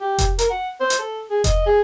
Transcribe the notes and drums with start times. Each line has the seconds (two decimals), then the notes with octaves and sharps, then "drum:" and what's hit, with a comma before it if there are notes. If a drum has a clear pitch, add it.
0.01 G4
0.18 drum: kick F1, hi-hat
0.39 A#4, drum: hi-hat
0.50 F#5
0.80 C5
0.90 drum: hi-hat
0.99 A4
1.30 G#4
1.44 D#5, drum: kick F1, hi-hat
1.66 G#4